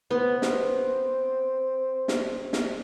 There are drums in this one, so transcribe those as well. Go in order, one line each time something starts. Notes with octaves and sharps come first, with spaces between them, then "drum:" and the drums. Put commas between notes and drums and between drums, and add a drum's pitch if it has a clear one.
B3 C4
drum: snare
drum: snare
drum: snare